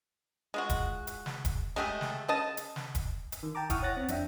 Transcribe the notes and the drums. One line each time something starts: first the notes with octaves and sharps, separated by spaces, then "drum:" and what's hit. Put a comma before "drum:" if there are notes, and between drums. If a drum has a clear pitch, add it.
G#3 F4 F#4
drum: kick D#1, hi-hat
drum: hi-hat
drum: snare
drum: kick D#1, hi-hat
G#3 A3 G4 G#4
drum: snare
C#3 D#5 A5
drum: hi-hat
drum: snare
drum: kick D#1, hi-hat
drum: hi-hat
D#3
G5 A5 A#5 D6
E4 F#5 C#6 D#6 F6, drum: kick D#1, hi-hat
C#5 F#5 F#6 A6 A#6
C4
F2 D4 E5 G5, drum: hi-hat